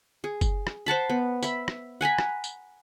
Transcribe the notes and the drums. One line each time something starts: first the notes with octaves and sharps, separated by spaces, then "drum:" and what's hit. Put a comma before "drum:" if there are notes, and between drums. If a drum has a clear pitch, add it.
G#4
drum: kick F#1, tambourine
drum: rim click
C5 F#5 A5 B5
B3
E5 B5, drum: tambourine
drum: rim click
F#5 G#5 A#5 B5
drum: rim click
drum: tambourine